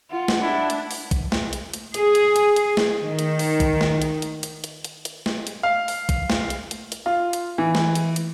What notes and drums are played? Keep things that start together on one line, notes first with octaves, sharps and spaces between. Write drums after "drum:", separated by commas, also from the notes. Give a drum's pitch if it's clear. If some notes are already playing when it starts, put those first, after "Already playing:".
F4 F#5
drum: snare
D4 E4
drum: hi-hat
drum: open hi-hat
drum: kick, hi-hat
drum: snare
drum: hi-hat
drum: hi-hat
G#4, drum: hi-hat
drum: hi-hat
drum: hi-hat
drum: hi-hat
drum: snare
D#3
drum: hi-hat
drum: open hi-hat
drum: kick, hi-hat
drum: snare
drum: hi-hat
drum: hi-hat
drum: hi-hat
drum: hi-hat
drum: hi-hat
drum: hi-hat
drum: snare
drum: hi-hat
F5
drum: open hi-hat
drum: kick, hi-hat
drum: snare
drum: hi-hat
drum: hi-hat
drum: hi-hat
F4
drum: hi-hat
E3
drum: snare
drum: hi-hat
drum: hi-hat